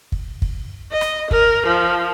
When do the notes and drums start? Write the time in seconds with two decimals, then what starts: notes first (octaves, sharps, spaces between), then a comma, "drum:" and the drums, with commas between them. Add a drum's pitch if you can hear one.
0.12 drum: kick
0.42 drum: kick
0.92 D#5
1.01 drum: rim click
1.31 A#4, drum: kick
1.67 F3